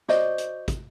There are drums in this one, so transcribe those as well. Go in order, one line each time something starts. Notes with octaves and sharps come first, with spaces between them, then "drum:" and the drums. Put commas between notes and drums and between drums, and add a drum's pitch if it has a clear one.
F#4 C5 D5 D#5, drum: snare
drum: hi-hat
drum: kick, hi-hat